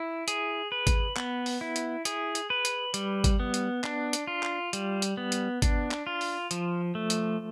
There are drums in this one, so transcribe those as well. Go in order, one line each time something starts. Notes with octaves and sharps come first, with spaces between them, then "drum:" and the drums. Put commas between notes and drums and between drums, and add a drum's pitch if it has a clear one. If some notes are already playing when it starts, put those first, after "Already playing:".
Already playing: E4
G#4, drum: hi-hat
B4
drum: kick G#1, hi-hat
B3, drum: clap
drum: open hi-hat
E4
drum: hi-hat
G#4, drum: hi-hat
drum: hi-hat
B4
drum: hi-hat
G3, drum: hi-hat
drum: kick G#1, hi-hat
B3
drum: hi-hat
D4, drum: clap
drum: hi-hat
F4
drum: clap
G3, drum: hi-hat
drum: hi-hat
B3
drum: hi-hat
D4, drum: kick G#1, hi-hat
drum: clap
F4
drum: open hi-hat
F3, drum: hi-hat
A3
drum: hi-hat